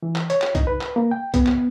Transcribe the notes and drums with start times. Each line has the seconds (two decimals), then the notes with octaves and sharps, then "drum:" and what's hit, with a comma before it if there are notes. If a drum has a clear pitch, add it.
0.03 E3
0.16 drum: clap
0.30 C#5, drum: hi-hat
0.42 drum: clap
0.55 D#4, drum: kick, hi-hat
0.67 B4
0.81 drum: clap
0.96 A#3
1.11 G5
1.34 B3, drum: kick, hi-hat
1.47 drum: clap